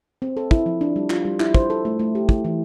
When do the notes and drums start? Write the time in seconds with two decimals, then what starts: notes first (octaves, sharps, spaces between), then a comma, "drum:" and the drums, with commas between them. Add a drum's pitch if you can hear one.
0.22 C4
0.37 A4
0.51 E4, drum: kick
0.66 F3
0.81 D4
0.96 G3
1.10 F4, drum: clap
1.25 G3
1.40 E4, drum: clap
1.54 C5, drum: kick
1.70 A4
1.85 A3
1.99 A3
2.15 G4
2.29 E4, drum: kick
2.45 E3